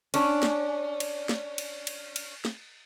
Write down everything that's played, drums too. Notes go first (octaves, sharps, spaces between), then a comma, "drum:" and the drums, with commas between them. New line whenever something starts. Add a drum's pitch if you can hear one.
C#4 D4, drum: cymbal
drum: snare
drum: cymbal
drum: snare
drum: cymbal
drum: cymbal
drum: cymbal
drum: snare